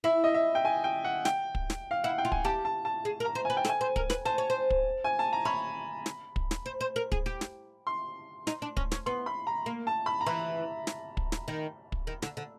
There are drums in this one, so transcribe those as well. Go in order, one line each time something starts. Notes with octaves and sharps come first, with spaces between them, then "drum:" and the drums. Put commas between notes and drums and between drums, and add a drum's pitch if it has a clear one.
E4 E5
D#5
E5
G5
G#5
G5
F#5
G5, drum: snare
drum: kick
drum: snare
F5
E4 F#5
G5
F4
G#5, drum: kick
G4 A5
A5
A5
G#4
A#4
A#5
C5
B4 G#5
G5
A4, drum: snare
G#5
C5
A#4, drum: kick
B4, drum: snare
C5 A5
C#5
C5
drum: kick
G#5
A5
A#5
C#5 B5
drum: snare
drum: kick
drum: snare
C5
C5
A#4
G#4, drum: kick
G4
drum: snare
C6
D#4, drum: snare
D4
C#4, drum: kick
C#4, drum: snare
B3 C6
B5
A#5
A#3
A5
B5
A#5
E3 B5
drum: snare
drum: kick
drum: snare
D#3
drum: kick
D#3
D3, drum: snare
D3